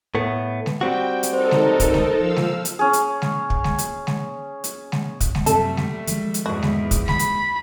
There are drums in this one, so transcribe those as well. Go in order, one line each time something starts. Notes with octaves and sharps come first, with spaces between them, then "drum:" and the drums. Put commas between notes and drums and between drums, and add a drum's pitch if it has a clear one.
A2 A3 B3
drum: snare
G3 C4 F#4 G5
drum: hi-hat
D#4 A4 A#4 C5
drum: snare
drum: kick, hi-hat
drum: snare
F3 F5 E6
drum: snare
drum: hi-hat
C#4 G#4
drum: hi-hat
drum: snare
drum: kick
drum: snare
drum: hi-hat
drum: snare
drum: hi-hat
drum: snare
drum: kick, hi-hat
drum: snare
F#2 C3 G3 A3 A4, drum: hi-hat
drum: snare
D#3 F3 G#3, drum: hi-hat
drum: hi-hat
E2 G#2 F#4
drum: snare
drum: kick, hi-hat
B5, drum: snare
drum: hi-hat